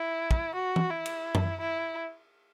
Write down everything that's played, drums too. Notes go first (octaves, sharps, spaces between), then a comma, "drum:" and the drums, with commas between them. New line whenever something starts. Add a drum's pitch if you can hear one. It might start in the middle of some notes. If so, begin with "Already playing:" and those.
Already playing: E4
drum: kick
F#4
drum: tom E3
E4
drum: cymbal
drum: tom F#2
E4